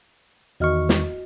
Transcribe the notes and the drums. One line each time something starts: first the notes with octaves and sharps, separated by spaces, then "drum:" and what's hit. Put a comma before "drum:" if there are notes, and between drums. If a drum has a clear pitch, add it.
E2 D#3 F#4 D#5 C#6 F6
drum: snare